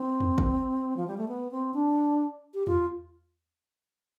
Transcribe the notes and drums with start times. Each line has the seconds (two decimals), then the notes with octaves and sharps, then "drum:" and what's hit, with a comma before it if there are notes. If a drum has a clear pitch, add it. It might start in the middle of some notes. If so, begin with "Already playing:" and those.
Already playing: C4
0.20 drum: tom E2
0.38 drum: kick
0.97 F3
1.07 G3
1.18 A3
1.28 B3
1.51 C4
1.74 D4
2.54 G4
2.67 F4, drum: tom E2